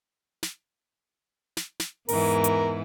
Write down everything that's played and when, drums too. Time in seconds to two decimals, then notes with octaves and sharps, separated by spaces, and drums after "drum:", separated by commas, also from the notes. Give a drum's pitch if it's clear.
0.43 drum: snare
1.57 drum: snare
1.80 drum: snare
2.09 E2 G#2 E3 A#4, drum: open hi-hat
2.44 drum: hi-hat